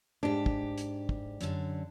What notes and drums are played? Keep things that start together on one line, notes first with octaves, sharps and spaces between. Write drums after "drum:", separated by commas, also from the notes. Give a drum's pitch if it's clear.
G#2 D4 G4
drum: kick
drum: hi-hat
drum: kick
F#2 D3, drum: hi-hat